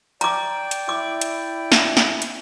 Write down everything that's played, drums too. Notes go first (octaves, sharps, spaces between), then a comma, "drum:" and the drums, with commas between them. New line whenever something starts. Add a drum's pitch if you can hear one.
D5 G5 A#5 D6, drum: hi-hat
drum: hi-hat
E4 D6
drum: hi-hat
drum: snare
drum: snare
drum: hi-hat